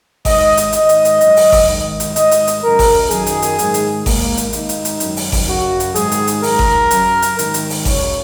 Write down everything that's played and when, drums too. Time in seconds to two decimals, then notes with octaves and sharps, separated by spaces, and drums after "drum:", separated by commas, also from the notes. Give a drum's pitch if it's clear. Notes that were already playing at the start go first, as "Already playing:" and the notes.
0.25 G#2 D#3 D#5, drum: kick G#1, open hi-hat
0.57 drum: hi-hat
0.72 G#2 D#3 D#5, drum: hi-hat
0.89 drum: hi-hat
1.05 drum: hi-hat
1.21 F#2 D#3, drum: hi-hat
1.36 drum: open hi-hat
1.52 drum: kick G#1, open hi-hat
1.69 G#2 D#3
2.00 drum: hi-hat
2.16 G#2 D#3 D#5, drum: hi-hat
2.31 drum: hi-hat
2.47 drum: hi-hat
2.63 F#2 C#3 A#4
2.79 drum: kick G#1, open hi-hat
3.11 F#2 D#3 G#4, drum: hi-hat
3.26 drum: hi-hat
3.42 drum: hi-hat
3.59 G#2 D#3, drum: hi-hat
3.74 drum: hi-hat
4.06 G#2 D#3 A#3, drum: kick G#1, open hi-hat
4.37 drum: hi-hat
4.53 G#2 D#3 D#4, drum: hi-hat
4.69 drum: hi-hat
4.85 drum: hi-hat
5.00 F#2 D#3, drum: hi-hat
5.16 drum: open hi-hat
5.32 drum: kick G#1, open hi-hat
5.48 F#2 C#3 F#4
5.80 drum: hi-hat
5.95 G#2 D#3 G#4, drum: hi-hat
6.11 drum: hi-hat
6.27 drum: hi-hat
6.43 F#2 D#3 A#4, drum: open hi-hat
6.59 drum: kick G#1
6.91 F#2 C#3, drum: hi-hat
7.22 drum: hi-hat
7.39 G#2 D#3, drum: hi-hat
7.54 drum: hi-hat
7.70 drum: open hi-hat
7.85 F#2 C#3 C#5, drum: kick G#1, open hi-hat